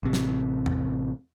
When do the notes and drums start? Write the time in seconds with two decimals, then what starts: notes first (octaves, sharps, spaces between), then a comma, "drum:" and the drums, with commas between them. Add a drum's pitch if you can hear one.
0.03 A1 C3
0.13 drum: snare
0.66 drum: tom E2